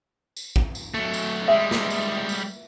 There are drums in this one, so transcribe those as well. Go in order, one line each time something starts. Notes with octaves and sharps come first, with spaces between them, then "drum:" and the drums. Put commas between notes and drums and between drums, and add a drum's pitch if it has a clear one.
drum: tambourine
drum: kick A1
drum: tambourine
F#3 A3
drum: tambourine
G3 G#3 E5
drum: snare
drum: tambourine
drum: tambourine